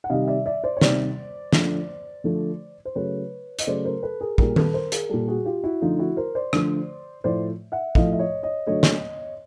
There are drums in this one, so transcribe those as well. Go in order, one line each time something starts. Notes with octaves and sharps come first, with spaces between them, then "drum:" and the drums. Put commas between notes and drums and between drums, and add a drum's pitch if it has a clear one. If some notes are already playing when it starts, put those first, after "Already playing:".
F#5
C3 D#3 G3 D#5 F5
D5 E5
D5 E5
C5 D5
C#5
C3 D#3 G3 C5 D5, drum: snare
D3 F3 A3, drum: snare
D3 F3 A3
C5
C#3 F#3 A3 B4 C#5
D#5, drum: hi-hat
C#3 F#3 A3 C5 D5
A#4 C5
A4 B4
G#4 A#4
A#2 G3 G#4 A#4, drum: kick
A4 B4, drum: tom D#3
A#4 C5
G#4 A#4, drum: hi-hat
A#2 G3 G4 A4
F#4 G#4
F4 G4
E4 F#4
D3 F3 A3 D#4 F4
E4 F#4
A#4 C5
C5 D5
D3 F3 A3, drum: rim click
A2 F3 A3 C5 D5
E5 F#5
A2 F3 A3 D#5 F5, drum: kick
E5
C#5 D#5
C#5 D#5
D3 F#3 A3 C#5 D#5
drum: snare